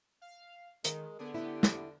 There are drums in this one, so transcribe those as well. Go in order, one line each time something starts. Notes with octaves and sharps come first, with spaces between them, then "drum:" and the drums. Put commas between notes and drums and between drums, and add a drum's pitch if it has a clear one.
F5
D#3 G#3 A#4, drum: hi-hat
D3 B3 G#4
B3 E4 G4
drum: snare